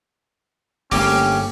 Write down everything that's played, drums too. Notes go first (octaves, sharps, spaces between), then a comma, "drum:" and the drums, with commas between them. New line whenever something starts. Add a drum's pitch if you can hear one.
G1 A3 A#3 C#4 G4, drum: open hi-hat